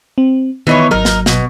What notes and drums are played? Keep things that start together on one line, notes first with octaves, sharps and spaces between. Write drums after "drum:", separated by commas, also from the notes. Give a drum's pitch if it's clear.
C4
D#3 E3 B3 D#4 C#5 B5
G#1 F#3 D#4 A#4
drum: snare
B2, drum: snare